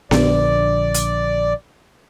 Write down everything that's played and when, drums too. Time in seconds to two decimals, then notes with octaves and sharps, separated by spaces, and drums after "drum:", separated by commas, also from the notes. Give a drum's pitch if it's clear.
0.11 A#1 D3 D5, drum: snare B3
0.94 drum: hi-hat